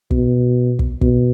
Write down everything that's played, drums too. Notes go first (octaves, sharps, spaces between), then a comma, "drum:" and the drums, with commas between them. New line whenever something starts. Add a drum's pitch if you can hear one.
B2, drum: kick
drum: kick
B2, drum: kick